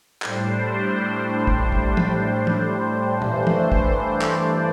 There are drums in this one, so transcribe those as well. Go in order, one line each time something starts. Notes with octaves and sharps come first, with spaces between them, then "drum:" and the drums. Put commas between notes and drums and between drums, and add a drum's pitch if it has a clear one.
A2 G3 D4 C5, drum: clap
drum: kick
drum: kick
drum: tom
drum: tom
G2 E3 A3 D4 C5, drum: tom A#2
drum: tom
drum: kick
D5
drum: clap